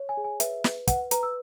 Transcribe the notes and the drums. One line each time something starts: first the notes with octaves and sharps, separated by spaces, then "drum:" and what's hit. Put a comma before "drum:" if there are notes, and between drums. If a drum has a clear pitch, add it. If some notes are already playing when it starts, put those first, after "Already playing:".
Already playing: C#5
G#5
G#4
G#5
B4 E5, drum: hi-hat
B4, drum: snare
B4 F#5, drum: kick, hi-hat
B4 A#5, drum: hi-hat
E6